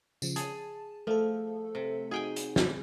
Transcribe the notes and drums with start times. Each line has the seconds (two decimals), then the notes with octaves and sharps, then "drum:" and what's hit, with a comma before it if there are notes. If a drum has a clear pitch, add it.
0.22 C#3 F3, drum: tambourine
0.36 G#4 A5, drum: hi-hat
1.07 F3 A3 A4
1.75 C3
2.11 D#4 F#4 G#4 G5 G#5
2.36 drum: hi-hat
2.56 drum: snare